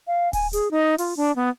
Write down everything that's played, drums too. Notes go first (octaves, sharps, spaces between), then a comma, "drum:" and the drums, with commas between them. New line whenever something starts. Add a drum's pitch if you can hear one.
F5
G#5, drum: kick D1, open hi-hat
G#4, drum: hi-hat
D#4
F4, drum: open hi-hat
D4
B3